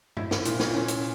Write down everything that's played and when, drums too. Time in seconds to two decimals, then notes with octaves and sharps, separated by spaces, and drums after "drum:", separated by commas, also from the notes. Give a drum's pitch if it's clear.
0.17 E4, drum: tom G2
0.31 drum: snare
0.45 A#2, drum: hi-hat
0.60 drum: snare
0.74 C#4
0.88 drum: hi-hat